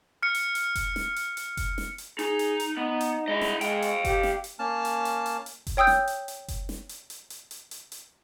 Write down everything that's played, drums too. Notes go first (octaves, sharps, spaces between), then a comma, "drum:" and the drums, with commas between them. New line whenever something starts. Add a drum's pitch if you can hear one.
F6 C#7
drum: hi-hat
drum: hi-hat
drum: kick F#1, hi-hat
drum: snare
drum: hi-hat
drum: hi-hat
drum: kick F#1, hi-hat
drum: snare
drum: hi-hat
D#4 G#4, drum: hi-hat
drum: hi-hat
drum: hi-hat
B3 D#4
drum: hi-hat
G#3 E4 D#5
drum: snare
G#3 F5 G5, drum: hi-hat
drum: hi-hat
G4, drum: kick F#1, hi-hat
drum: snare
drum: hi-hat
A#3 C#4 A5 F6
drum: hi-hat
drum: hi-hat
drum: hi-hat
drum: hi-hat
drum: kick F#1, hi-hat
C#5 G5 D#6 E6 G6
drum: snare
drum: hi-hat
drum: hi-hat
drum: kick F#1, hi-hat
drum: snare
drum: hi-hat
drum: hi-hat
drum: hi-hat
drum: hi-hat
drum: hi-hat
drum: hi-hat